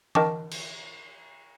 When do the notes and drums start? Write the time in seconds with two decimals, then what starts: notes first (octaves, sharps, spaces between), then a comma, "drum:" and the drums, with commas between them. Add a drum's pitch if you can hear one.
0.15 A#4 D#5 G5 A5 C#6 D6, drum: tom E3
0.51 drum: cymbal